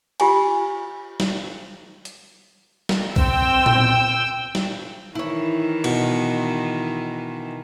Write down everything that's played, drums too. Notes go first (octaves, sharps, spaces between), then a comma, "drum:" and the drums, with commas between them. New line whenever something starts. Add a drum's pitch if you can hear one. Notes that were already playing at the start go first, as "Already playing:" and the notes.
F4 G4 G#5, drum: cymbal
drum: snare
drum: hi-hat
drum: snare
C4 G5 E6, drum: kick A#1
drum: tom A#2
drum: snare
D#3 E3 E4 C#5
B2, drum: cymbal